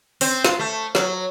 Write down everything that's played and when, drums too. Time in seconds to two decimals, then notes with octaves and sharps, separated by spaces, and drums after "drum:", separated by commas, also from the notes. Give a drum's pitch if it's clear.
0.21 C4, drum: open hi-hat
0.44 F4, drum: snare
0.59 A3
0.95 F#3, drum: snare